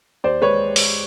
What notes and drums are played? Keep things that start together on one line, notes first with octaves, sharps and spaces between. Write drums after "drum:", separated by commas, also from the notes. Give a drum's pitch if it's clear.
D#2 C5 D5
G#3 B4 C#5
drum: open hi-hat